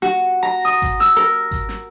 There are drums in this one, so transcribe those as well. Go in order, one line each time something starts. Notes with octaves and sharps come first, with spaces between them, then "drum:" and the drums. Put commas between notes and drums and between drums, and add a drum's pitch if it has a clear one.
F#4
A#5
D#6
drum: kick G#1, hi-hat
E6, drum: snare
A#4
drum: kick G#1, hi-hat
drum: snare